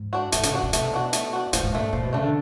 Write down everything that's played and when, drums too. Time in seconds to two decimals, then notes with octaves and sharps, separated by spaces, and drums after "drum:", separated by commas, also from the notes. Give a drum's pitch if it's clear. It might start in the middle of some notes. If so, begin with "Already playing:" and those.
Already playing: G#2
0.13 D4 F#4
0.32 G#2 A3, drum: hi-hat
0.43 C#3, drum: hi-hat
0.53 C3 D4 F#4
0.63 C3
0.73 B2 A3, drum: hi-hat
0.82 C3
0.91 B2 D4 F#4
1.13 A3, drum: hi-hat
1.33 D4 F#4
1.53 A2 F3, drum: hi-hat
1.63 G#2
1.73 A#2 A3 D4
1.83 A2
1.93 A#2 F3
2.03 B2
2.13 C#3 A3 D4
2.23 D3